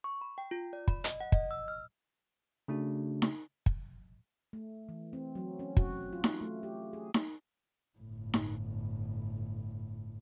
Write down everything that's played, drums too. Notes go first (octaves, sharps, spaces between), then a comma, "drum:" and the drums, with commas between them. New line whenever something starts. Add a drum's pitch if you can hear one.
C#6
B5
G5
F4
D5
B5, drum: kick
D#5, drum: hi-hat
F#5
D#5, drum: kick
E6
F6
C#3 A3 D4 F#4
drum: snare D#4
drum: kick
A3
E3
C4
F#3
C#4
F#4, drum: kick
F4
drum: snare D#4
A3
G4
G#4
drum: snare D#4
G1 A2
drum: snare D#4